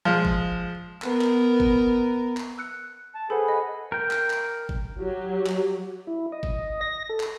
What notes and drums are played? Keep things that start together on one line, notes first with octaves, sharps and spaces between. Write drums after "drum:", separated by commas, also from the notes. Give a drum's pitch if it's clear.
F3 G#3
drum: kick G#1
B3 A#4, drum: clap
drum: clap
drum: kick G#1
drum: clap
E6 F#6 C#7
A5
G#4 A4 B4 C5 F#5
D#5 F#5
A#4 G5
drum: clap
drum: clap
drum: kick G#1
F#3 G4
drum: clap
E4
D#5
drum: kick G#1
A#6
A4
drum: clap